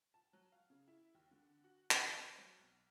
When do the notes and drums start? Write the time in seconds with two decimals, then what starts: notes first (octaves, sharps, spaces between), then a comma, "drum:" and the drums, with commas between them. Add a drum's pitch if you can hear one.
0.14 A5
0.33 F#3
0.52 F5
0.70 C#3
0.88 E4
1.15 D#2
1.31 D3
1.64 F#4
1.91 E3, drum: clap
2.16 C4
2.38 F#3
2.59 B1